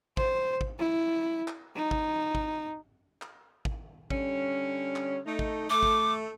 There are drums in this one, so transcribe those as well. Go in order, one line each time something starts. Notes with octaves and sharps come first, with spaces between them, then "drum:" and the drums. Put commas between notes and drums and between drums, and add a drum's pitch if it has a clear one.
C5, drum: kick
drum: kick
E4
drum: clap
D#4
drum: kick
drum: kick
drum: clap
drum: kick
D3 G3 C#4, drum: kick
drum: clap
A3 D#4
drum: kick
A3 D6
drum: kick